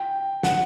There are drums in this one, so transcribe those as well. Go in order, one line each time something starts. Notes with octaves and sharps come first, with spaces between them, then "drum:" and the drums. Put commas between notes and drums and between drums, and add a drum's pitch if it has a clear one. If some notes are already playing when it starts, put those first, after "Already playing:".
Already playing: G5
F#5, drum: snare